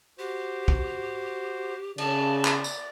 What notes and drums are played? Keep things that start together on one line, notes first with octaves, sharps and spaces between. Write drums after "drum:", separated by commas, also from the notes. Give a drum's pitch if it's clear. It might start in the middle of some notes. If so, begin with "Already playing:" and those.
F#4 G4 C5
drum: kick
C#3 D5 A5, drum: cymbal
drum: clap
drum: tambourine